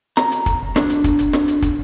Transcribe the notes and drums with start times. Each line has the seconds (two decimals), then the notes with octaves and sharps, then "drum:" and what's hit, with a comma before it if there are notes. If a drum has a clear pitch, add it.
0.17 A#5, drum: snare
0.32 drum: hi-hat
0.46 drum: kick, hi-hat
0.76 D4, drum: snare
0.90 drum: hi-hat
1.04 drum: kick, hi-hat
1.19 drum: hi-hat
1.33 drum: snare
1.48 drum: hi-hat
1.62 drum: kick, hi-hat